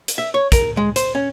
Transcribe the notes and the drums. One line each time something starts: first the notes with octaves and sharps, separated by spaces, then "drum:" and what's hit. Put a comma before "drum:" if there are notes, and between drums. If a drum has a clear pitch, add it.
drum: hi-hat
E5
C#5
A#4, drum: kick, hi-hat
G#3
C5, drum: hi-hat
C#4